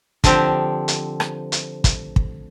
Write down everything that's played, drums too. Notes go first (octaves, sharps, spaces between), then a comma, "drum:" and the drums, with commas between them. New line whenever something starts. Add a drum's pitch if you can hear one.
D3 F3 C4 G4, drum: kick, hi-hat
drum: hi-hat
drum: rim click
drum: hi-hat
drum: kick, hi-hat
drum: kick